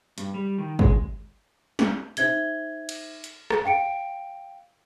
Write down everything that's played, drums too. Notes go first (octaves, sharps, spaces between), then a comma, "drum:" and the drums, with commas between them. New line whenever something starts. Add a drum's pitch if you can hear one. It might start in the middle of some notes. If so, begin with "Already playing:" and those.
G2, drum: hi-hat
G3
D#3
G#3, drum: kick
drum: snare
D#4 C5 E5 G#6 G7, drum: hi-hat
drum: cymbal
drum: hi-hat
drum: rim click
F5 G5 C#7 D7